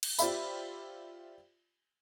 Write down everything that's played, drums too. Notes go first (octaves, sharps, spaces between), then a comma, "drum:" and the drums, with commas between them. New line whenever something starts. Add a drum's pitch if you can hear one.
drum: cymbal
F4 G4 C5 D5 E5 B5, drum: tambourine